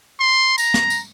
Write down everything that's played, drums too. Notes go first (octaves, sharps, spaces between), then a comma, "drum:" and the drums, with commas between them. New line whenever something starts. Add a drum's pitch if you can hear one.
C6
A#5, drum: tambourine
drum: snare
drum: tambourine